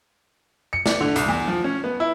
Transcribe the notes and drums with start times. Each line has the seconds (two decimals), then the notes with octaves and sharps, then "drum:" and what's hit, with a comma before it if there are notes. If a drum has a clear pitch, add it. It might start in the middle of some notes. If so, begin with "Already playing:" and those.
0.73 C#7
0.86 D5, drum: snare
1.01 D3
1.16 C2, drum: hi-hat
1.28 E2
1.48 F3
1.64 C#4
1.84 B3
2.00 E4